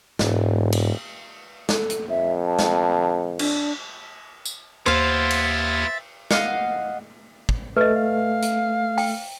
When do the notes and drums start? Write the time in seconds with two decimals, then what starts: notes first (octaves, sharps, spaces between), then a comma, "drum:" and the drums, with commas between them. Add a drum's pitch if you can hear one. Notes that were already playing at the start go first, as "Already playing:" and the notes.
0.19 E1 G#2, drum: snare
0.72 drum: cymbal
1.69 A4, drum: snare
1.90 drum: hi-hat
2.09 F2 E5
2.47 A5
2.59 drum: snare
3.39 D4, drum: cymbal
4.45 drum: tambourine
4.86 D#2 B3 F4 C5 E5 F5 G#6 A6
5.30 drum: cymbal
6.31 D#5 F5 F#5, drum: snare
7.49 drum: kick
7.77 A3 A4 B4 D#5
7.96 F5
8.42 drum: hi-hat
8.98 G5, drum: open hi-hat